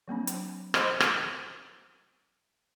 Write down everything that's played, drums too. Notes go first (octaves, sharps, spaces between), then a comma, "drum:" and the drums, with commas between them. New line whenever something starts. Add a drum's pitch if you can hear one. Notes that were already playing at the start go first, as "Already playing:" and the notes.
F#3 A#3 C4 D4
drum: hi-hat
C5 D#5 B5 C6, drum: rim click
drum: rim click